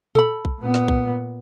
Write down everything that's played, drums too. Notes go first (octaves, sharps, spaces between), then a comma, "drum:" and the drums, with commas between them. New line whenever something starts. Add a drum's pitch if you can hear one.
A4 B5, drum: tom A#2
drum: kick B1
A#2 B3
drum: snare
drum: kick B1